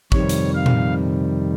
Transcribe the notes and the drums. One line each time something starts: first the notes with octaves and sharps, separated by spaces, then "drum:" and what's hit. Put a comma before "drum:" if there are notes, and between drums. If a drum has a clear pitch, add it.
F2 C3 D#3 G3 C#5, drum: kick
drum: hi-hat
F5
drum: tom A#2